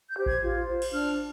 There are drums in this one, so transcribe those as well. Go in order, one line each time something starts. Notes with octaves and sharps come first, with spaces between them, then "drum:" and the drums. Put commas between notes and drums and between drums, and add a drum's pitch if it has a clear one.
G6
G4 C5
G#6, drum: kick A1
F4
C5
drum: cymbal
D4 F6